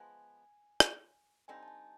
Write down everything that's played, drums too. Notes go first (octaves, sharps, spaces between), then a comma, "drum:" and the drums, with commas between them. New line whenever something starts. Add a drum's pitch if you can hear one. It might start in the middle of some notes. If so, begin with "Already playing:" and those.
Already playing: F3 G#3 B3 G#5
drum: rim click
D3 G3 C4 D#4 G#5
A5
G#5